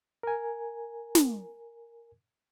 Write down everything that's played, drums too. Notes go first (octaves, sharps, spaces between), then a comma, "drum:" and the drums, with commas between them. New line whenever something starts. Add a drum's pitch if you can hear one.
A#4 G#5
drum: snare